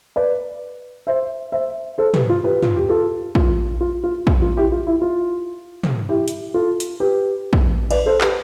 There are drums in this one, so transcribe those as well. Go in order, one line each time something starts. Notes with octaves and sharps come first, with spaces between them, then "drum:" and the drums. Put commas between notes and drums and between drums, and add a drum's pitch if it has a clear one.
B4 D5
C5 E5
C5 E5
A4 C5
G4 B4, drum: tom
F4
G4 B4
F4, drum: tom
G4
F4 A4
F4, drum: kick
F4
F4
F4, drum: kick
F4
E4 G4
F4
E4
F4
drum: tom
E4 G4
drum: hi-hat
F4 A4
drum: hi-hat
G4 B4
drum: kick
B4 D5, drum: cymbal
A4 C5
G4 B4, drum: clap